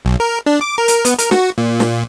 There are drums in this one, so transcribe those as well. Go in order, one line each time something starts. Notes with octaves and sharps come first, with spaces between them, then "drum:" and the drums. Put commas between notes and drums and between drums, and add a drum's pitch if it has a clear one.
B1
A#4
D4
D6
A#4
drum: hi-hat
B3, drum: hi-hat
A#4, drum: hi-hat
F#4, drum: snare
A#2
drum: snare